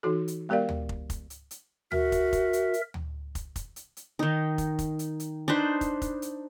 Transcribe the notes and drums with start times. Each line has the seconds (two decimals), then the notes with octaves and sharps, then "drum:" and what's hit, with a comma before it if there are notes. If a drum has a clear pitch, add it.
0.03 E3 D#4 F#4 A4
0.28 drum: hi-hat
0.49 G#3 B3 G4 A#4 D5 F5
0.69 drum: tom D2
0.89 drum: kick
1.10 drum: kick, hi-hat
1.30 drum: hi-hat
1.51 drum: hi-hat
1.92 F#4 A#4 E5, drum: tom D2
2.12 drum: kick, hi-hat
2.33 drum: kick, hi-hat
2.53 drum: hi-hat
2.74 drum: hi-hat
2.94 drum: tom D2
3.35 drum: kick, hi-hat
3.56 drum: kick, hi-hat
3.76 drum: hi-hat
3.97 drum: hi-hat
4.19 D#3 D#4
4.58 drum: kick, hi-hat
4.79 drum: kick, hi-hat
4.99 drum: hi-hat
5.20 drum: hi-hat
5.48 D4 D#4 B4 C5
5.81 drum: kick, hi-hat
6.02 drum: kick, hi-hat
6.22 drum: hi-hat